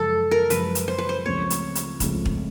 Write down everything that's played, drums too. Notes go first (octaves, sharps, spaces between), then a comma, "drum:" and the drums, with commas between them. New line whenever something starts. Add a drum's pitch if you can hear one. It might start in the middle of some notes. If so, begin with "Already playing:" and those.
Already playing: F#2 C#3 F3 G#3 A4
A#4
F#2 C#3 F3 G#3 B4, drum: hi-hat
drum: hi-hat
C5
B4
C5
C#2 C#3 F3 A3 C4 C#5
drum: hi-hat
drum: hi-hat
C#2 C#3 F3 A3 C4, drum: kick, hi-hat
drum: kick